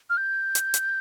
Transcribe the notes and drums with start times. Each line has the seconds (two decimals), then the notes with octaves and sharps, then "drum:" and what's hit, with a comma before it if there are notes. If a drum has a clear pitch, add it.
0.10 F6
0.17 G6
0.55 drum: hi-hat
0.74 drum: hi-hat